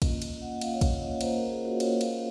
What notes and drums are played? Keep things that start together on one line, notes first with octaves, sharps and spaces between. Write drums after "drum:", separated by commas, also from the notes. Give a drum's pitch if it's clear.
A#3 C#4 F4 D#5, drum: kick, cymbal
D#5, drum: cymbal
F#5
A#3 C#4 F4 F5, drum: cymbal
C#5
D#5, drum: kick, cymbal
D#5
A#3 C#4 F4 C5, drum: cymbal
A#4
G#4
F#4
A#3 C#4 F4 C#5, drum: cymbal
F5, drum: cymbal